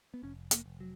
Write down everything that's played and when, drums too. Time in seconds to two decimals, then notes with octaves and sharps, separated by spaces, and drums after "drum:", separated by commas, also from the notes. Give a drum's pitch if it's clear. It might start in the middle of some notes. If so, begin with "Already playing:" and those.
0.14 B3
0.23 F1 C#4
0.51 A#3, drum: hi-hat
0.66 F1
0.80 F#3